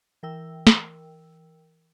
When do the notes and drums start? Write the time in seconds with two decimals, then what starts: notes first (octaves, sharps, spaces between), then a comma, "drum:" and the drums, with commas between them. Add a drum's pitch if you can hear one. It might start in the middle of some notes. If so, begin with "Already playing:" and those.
0.23 E3 A#4 G5 E6
0.67 drum: snare